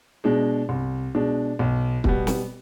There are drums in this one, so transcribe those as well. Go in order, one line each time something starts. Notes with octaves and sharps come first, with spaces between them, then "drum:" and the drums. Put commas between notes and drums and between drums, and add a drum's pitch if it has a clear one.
B2 G#3 D4
C2
B2 G#3 D4
B1
B2 G3 B3, drum: kick
drum: snare